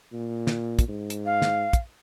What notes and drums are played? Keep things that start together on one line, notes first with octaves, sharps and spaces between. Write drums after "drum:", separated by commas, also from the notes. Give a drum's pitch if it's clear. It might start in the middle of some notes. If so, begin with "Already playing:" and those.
A#2
drum: snare
drum: kick, hi-hat
G#2
drum: hi-hat
F5
drum: snare
drum: kick, hi-hat